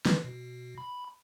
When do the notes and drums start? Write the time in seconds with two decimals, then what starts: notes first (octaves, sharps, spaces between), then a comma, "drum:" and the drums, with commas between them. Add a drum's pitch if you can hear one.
0.06 B4, drum: snare
0.24 B2
0.78 B5